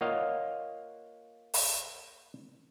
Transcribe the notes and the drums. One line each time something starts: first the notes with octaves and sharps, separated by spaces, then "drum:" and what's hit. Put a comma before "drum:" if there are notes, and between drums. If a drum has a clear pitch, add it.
A#3 F4 C#5 D#5 F5 F#5
drum: open hi-hat